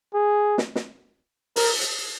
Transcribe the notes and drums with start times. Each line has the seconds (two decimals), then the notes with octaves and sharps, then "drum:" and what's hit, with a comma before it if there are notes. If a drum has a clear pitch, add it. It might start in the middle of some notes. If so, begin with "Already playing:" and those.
0.14 G#4
0.58 drum: snare
0.75 drum: snare
1.56 A#4, drum: open hi-hat
1.81 drum: hi-hat